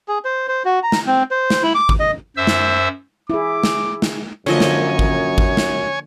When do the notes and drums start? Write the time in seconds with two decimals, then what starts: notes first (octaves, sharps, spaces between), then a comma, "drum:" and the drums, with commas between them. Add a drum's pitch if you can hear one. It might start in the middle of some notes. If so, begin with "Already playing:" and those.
0.08 G#4
0.25 C5
0.48 C5
0.65 F#4
0.83 A#5
0.92 drum: snare
1.07 C4
1.31 C5
1.50 drum: snare
1.63 E4
1.75 D6
1.89 drum: kick G#1
2.00 D#5
2.37 F#2 C5 E5 E6
2.47 drum: snare
3.30 E4 G#4 D6
3.64 drum: snare
4.02 drum: snare
4.46 F#2 D3 F3 A#3 C#4 C#5 D#5 G#5
4.60 drum: snare
4.99 drum: kick G#1
5.38 drum: kick G#1
5.57 drum: snare